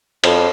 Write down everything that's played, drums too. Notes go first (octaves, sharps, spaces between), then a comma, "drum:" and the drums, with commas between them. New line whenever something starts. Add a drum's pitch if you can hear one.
F2, drum: cymbal